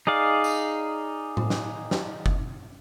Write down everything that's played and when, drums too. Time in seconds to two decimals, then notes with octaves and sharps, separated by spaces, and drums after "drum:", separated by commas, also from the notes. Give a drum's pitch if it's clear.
0.07 D#4 G#4 D5 F5
0.44 drum: tambourine
1.37 drum: tom A2
1.50 drum: snare
1.91 drum: snare
2.26 drum: kick F#1